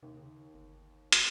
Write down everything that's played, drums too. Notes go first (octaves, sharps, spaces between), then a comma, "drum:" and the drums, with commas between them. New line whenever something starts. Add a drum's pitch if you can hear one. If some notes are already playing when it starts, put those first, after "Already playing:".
D#2 C3
C#3
G1
A1, drum: hi-hat